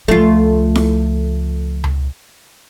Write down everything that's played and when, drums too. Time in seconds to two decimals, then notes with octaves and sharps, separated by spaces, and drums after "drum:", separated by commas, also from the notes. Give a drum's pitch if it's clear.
0.08 C#2 F3 A3 F4
0.75 drum: snare E4
1.84 drum: tom C#2